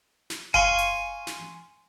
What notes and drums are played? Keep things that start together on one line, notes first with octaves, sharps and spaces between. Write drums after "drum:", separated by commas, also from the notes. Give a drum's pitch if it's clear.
drum: snare
F5 G#5 C6 C#6, drum: kick F#1
drum: hi-hat
drum: snare